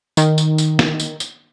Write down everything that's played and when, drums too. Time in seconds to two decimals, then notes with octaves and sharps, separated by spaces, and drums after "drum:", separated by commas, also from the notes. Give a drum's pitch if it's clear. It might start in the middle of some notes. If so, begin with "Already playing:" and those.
0.17 D#3, drum: tambourine
0.38 drum: tambourine
0.58 drum: tambourine
0.79 drum: snare
1.00 drum: tambourine
1.20 drum: tambourine